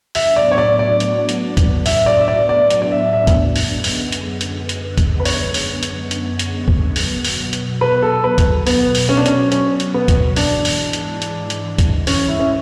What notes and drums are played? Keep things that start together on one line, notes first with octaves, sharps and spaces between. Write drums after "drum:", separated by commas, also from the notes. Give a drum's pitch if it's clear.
A2 F#3 B3 D4 E5, drum: open hi-hat
D5
C#5
D5
D5
drum: hi-hat
drum: hi-hat
drum: kick, hi-hat
E5, drum: open hi-hat
D5
E5
D5
D5
D5, drum: hi-hat
D5
E5
E5
drum: kick, hi-hat
F#2 D3 G#3 B3, drum: open hi-hat
drum: open hi-hat
drum: hi-hat
drum: hi-hat
drum: hi-hat
drum: kick, hi-hat
B4
C#5, drum: open hi-hat
drum: open hi-hat
drum: hi-hat
drum: hi-hat
drum: hi-hat
drum: kick
B2 F#3 B3, drum: open hi-hat
drum: open hi-hat
drum: hi-hat
B4
A4
B4
drum: kick, hi-hat
B3, drum: open hi-hat
drum: open hi-hat
C#4
D4
C#4, drum: hi-hat
C#4, drum: hi-hat
drum: hi-hat
B3
drum: kick, hi-hat
G#2 E3 G#3 D4, drum: open hi-hat
drum: open hi-hat
drum: hi-hat
drum: hi-hat
drum: hi-hat
drum: kick, hi-hat
C#4, drum: open hi-hat
E4
C#4